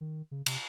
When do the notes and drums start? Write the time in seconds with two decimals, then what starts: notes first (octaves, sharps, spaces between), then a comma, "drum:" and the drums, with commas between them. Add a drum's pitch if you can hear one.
0.01 D#3
0.31 C#3
0.46 C3, drum: cymbal